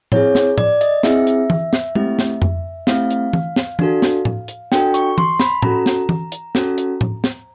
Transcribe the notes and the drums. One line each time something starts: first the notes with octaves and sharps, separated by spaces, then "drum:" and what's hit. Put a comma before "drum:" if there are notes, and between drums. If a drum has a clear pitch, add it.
C4 E4 G#4 C#5, drum: tom A2
drum: snare
D5, drum: tom A2
D#5, drum: hi-hat
C4 E4 G#4 E5, drum: snare
drum: hi-hat
drum: tom E3
drum: snare
A3 C4 E4 G4, drum: tom G#3
drum: snare
drum: tom F2
A3 C4 E4 G4 F5, drum: snare
drum: hi-hat
drum: tom E3
drum: snare
D4 F#4 A4, drum: tom E3
drum: snare
drum: tom A2
drum: hi-hat
D4 F#4 A4 G5, drum: snare
C#6, drum: hi-hat
C6, drum: tom E3
B5, drum: snare
C#4 F#4 A4 A#5, drum: tom A2
drum: snare
drum: tom E3
drum: hi-hat
C#4 F#4 A4, drum: snare
drum: hi-hat
drum: tom A2
drum: snare